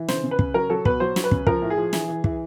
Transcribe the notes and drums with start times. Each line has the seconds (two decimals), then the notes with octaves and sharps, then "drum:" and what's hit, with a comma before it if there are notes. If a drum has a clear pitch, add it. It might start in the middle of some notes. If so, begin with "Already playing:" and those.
Already playing: E3
0.08 C#3 C5, drum: snare
0.23 C#3
0.31 B4
0.39 C#3, drum: kick
0.54 F#3 A#4
0.70 F#3 A4
0.85 B2 B4, drum: kick
1.00 F#3 C5
1.16 F#3, drum: snare
1.24 B4
1.31 C#3, drum: kick
1.47 F3 A#4, drum: kick
1.62 A2
1.70 G#4
1.77 F3
1.93 E3, drum: snare
2.08 E3
2.24 E3, drum: kick